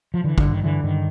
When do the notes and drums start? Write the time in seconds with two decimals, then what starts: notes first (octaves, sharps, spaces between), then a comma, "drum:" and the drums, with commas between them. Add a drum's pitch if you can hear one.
0.14 F3
0.24 D3 E3
0.38 D3, drum: kick
0.44 G2
0.51 D#3
0.64 D3 E3
0.84 G2 D#3